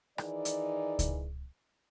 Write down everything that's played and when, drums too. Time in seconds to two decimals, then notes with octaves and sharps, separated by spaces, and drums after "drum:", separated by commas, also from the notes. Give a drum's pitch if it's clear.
0.18 D#3 E3 D#4 G#4 D5, drum: rim click
0.45 drum: hi-hat
0.99 drum: kick C#2, hi-hat